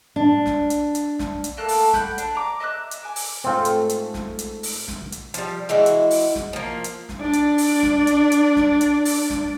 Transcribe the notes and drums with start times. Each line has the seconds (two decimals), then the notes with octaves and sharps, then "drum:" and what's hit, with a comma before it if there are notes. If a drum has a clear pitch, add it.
0.16 D4
0.46 drum: snare
0.70 drum: hi-hat
0.95 drum: hi-hat
1.19 drum: snare
1.44 drum: hi-hat
1.57 A3 A#3 A4 F#6
1.68 drum: open hi-hat
1.93 F#5 G5 B5, drum: snare
2.18 D4, drum: hi-hat
2.35 A#5 D6
2.60 D#5 E5 D#6 F#6
2.91 drum: hi-hat
3.03 G#5 D6
3.16 drum: open hi-hat
3.44 G#2 A3 C4 F4
3.65 drum: hi-hat
3.90 drum: hi-hat
4.14 drum: snare
4.39 drum: hi-hat
4.63 drum: open hi-hat
4.88 drum: snare
5.12 drum: hi-hat
5.34 F3 G3, drum: hi-hat
5.69 E3 G#3 E4 F#4
5.86 drum: hi-hat
6.11 drum: open hi-hat
6.35 drum: snare
6.53 F3 A#3
6.84 drum: hi-hat
7.09 drum: snare
7.21 D4 D5
7.33 drum: hi-hat
7.58 drum: open hi-hat
7.82 drum: snare
8.07 drum: hi-hat
8.32 drum: hi-hat
8.56 drum: snare
8.81 drum: hi-hat
9.05 drum: open hi-hat
9.30 drum: snare